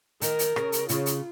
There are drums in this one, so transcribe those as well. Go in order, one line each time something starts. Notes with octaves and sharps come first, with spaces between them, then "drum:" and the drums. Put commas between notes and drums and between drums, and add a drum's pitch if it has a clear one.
D#3 A#4, drum: hi-hat
drum: hi-hat
C#3, drum: rim click
drum: hi-hat
C#3 F4, drum: hi-hat
drum: hi-hat